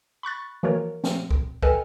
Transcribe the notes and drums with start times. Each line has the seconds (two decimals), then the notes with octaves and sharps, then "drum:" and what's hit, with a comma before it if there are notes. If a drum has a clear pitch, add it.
0.23 B5 C#6 F#6 A6
0.63 E3 F3 A#3 F#4 A#4 C#5
1.04 F3 C4, drum: snare
1.31 drum: kick
1.63 A4 B4 D#5 G5 G#5 F6, drum: kick